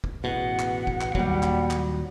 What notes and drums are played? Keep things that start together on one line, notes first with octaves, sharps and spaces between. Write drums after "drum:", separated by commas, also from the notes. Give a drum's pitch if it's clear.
drum: kick
A1 E2 B2 F#5
drum: clap
drum: kick
drum: clap
D#2 A#2 F#3 G3, drum: kick
drum: clap
drum: clap